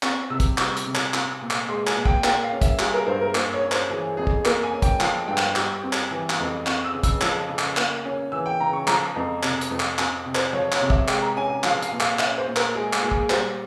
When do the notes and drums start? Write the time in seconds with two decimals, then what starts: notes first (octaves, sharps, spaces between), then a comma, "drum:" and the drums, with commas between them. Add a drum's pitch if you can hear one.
0.03 C4 C#6, drum: clap
0.30 C3 E6
0.40 drum: kick, hi-hat
0.58 G3 C#6, drum: clap
0.77 drum: hi-hat
0.86 C3
0.95 drum: clap
1.14 C4, drum: clap
1.41 A#2
1.50 drum: clap
1.68 G#3 C6
1.87 G#5, drum: clap
1.96 A#2
2.05 G5, drum: kick
2.24 A#3 G5, drum: clap
2.43 F5
2.52 C#4
2.62 E5, drum: kick, hi-hat
2.79 G3 G#4, drum: clap
2.94 A#4
3.07 G2 C5
3.21 A#4
3.35 A#3 C5, drum: clap
3.53 C#5
3.62 C#4
3.72 C5, drum: clap
3.90 E3 G#4
4.17 F2 G#4
4.27 drum: kick
4.45 A#3 A#4, drum: clap
4.63 G#5
4.73 C#4
4.82 G5, drum: kick, hi-hat
5.00 F3 F5, drum: clap
5.28 G2 G5
5.37 drum: clap
5.56 G3, drum: clap
5.84 C4
5.93 drum: clap
6.11 E3
6.30 drum: clap
6.39 F2
6.66 C4 C#6, drum: clap
6.85 E6
6.94 C#3
7.03 E6, drum: kick, hi-hat
7.21 F3 E6, drum: clap
7.49 C#3
7.59 drum: clap
7.77 A#3, drum: clap
8.05 C#4
8.32 E3 E6
8.46 G5
8.60 C#3 A#5
8.73 C#6
8.87 F3 A#5, drum: clap
9.16 F2
9.43 C3, drum: clap
9.61 drum: hi-hat
9.71 F2
9.80 drum: clap
9.98 C4 G#5, drum: clap
10.26 C3
10.35 C5, drum: clap
10.53 F3 C#5
10.72 C#5, drum: clap
10.82 C3
10.90 E5, drum: kick
11.08 G#3 G5, drum: clap
11.22 A#5
11.37 C#4 G#5
11.50 G#5
11.64 F3 F5, drum: clap
11.82 F5, drum: hi-hat
11.91 A#2
12.00 F5, drum: clap
12.19 C#4 E5, drum: clap
12.38 C5
12.47 A#2
12.56 A#4, drum: clap
12.75 G#3 G#4
12.93 drum: clap
13.02 A#2 G#4
13.11 drum: kick
13.30 G3 C5, drum: clap